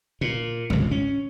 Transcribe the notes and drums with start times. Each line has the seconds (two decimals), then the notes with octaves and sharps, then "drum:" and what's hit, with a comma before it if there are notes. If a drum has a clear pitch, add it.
0.21 A#2
0.70 G#1 C#2, drum: tom
0.91 C#4